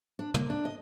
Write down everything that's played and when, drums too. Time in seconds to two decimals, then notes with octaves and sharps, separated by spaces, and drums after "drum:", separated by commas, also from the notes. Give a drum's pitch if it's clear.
0.19 D4
0.34 A#3, drum: tom
0.50 D4
0.65 D#5